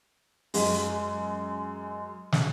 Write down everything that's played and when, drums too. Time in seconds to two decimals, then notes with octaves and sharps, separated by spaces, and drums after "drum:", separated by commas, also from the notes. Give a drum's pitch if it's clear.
0.54 F#2 G#3, drum: open hi-hat
2.32 drum: snare